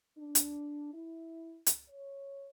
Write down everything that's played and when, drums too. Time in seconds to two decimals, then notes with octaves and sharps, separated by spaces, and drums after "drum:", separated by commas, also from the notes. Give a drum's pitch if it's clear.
0.17 D4
0.35 drum: hi-hat
0.93 E4
1.66 drum: hi-hat
1.89 C#5